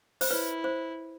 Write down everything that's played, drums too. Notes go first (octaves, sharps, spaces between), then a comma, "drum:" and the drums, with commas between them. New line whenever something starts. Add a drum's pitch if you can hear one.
C5, drum: open hi-hat
E4 B4 C#5
C5